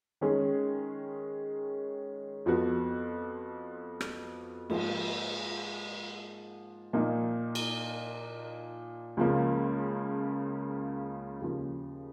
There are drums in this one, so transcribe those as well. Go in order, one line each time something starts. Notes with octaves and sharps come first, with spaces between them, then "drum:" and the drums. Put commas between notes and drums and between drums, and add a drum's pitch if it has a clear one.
D#3 G#3 C#4 G#4
F2 F3 B3 F#4
drum: rim click
G#2 F3 A#3, drum: cymbal
A#2 F3 A#3 D#4
drum: cymbal
C#2 C#3 F3 A#3
D#2 C#3 F3